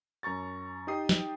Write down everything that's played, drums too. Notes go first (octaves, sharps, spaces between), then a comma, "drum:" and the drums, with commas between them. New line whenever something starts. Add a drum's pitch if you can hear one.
F#2 A#5 C#6 A6
D#4 G4 G5 D#6 C7
drum: snare